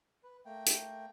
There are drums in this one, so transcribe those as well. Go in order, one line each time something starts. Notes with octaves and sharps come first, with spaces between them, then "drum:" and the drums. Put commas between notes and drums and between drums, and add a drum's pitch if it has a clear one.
B4
A3 A#3 G5
drum: hi-hat